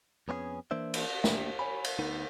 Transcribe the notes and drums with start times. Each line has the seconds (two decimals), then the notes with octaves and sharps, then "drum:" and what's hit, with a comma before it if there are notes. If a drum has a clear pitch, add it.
0.28 F2 B3 C#4 F4 G#4
0.71 E3 A#3 D4 C5 E5
0.94 drum: cymbal
1.24 A3 A#3 D4 G4 E5, drum: snare
1.59 C#5 G#5 B5
1.84 drum: cymbal
1.99 D2 B3 D#4